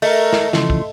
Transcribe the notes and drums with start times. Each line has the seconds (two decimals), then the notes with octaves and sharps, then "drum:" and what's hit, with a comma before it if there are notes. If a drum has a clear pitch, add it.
0.02 A3 A#4 D#5, drum: open hi-hat
0.33 drum: snare
0.53 C#3 E3 F3 C6, drum: snare
0.70 drum: kick